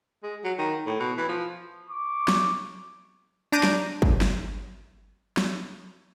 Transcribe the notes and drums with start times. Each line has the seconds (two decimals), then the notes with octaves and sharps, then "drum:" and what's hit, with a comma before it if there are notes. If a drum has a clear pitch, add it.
0.23 G#3
0.44 F#3
0.58 D#3
0.86 A2
1.00 B2
1.17 E3
1.29 F3
1.90 C#6 D6
2.28 drum: snare
3.52 D4 A#5 D6 G6 D#7
3.63 drum: snare
4.02 drum: kick
4.21 drum: snare
5.37 drum: snare